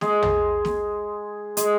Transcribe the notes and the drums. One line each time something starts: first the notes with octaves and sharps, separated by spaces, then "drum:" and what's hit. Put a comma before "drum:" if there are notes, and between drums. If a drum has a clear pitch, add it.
G#3 G#4, drum: snare
drum: tom
drum: snare
G#3 G#4, drum: hi-hat